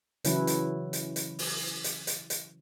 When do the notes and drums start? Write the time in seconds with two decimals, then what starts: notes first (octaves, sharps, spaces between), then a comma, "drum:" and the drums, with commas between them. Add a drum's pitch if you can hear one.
0.24 C#3 E3 F#3 C#4 E4 B4, drum: hi-hat
0.47 drum: hi-hat
0.93 drum: hi-hat
1.16 drum: hi-hat
1.39 drum: open hi-hat
1.84 drum: hi-hat
2.07 drum: hi-hat
2.30 drum: hi-hat